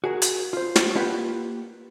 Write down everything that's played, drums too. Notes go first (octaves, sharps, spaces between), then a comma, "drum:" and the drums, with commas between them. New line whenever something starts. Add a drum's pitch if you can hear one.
F#4 G#4 A#4
drum: hi-hat
F4 C5
drum: snare
A#3 F4 G4 B4 F#5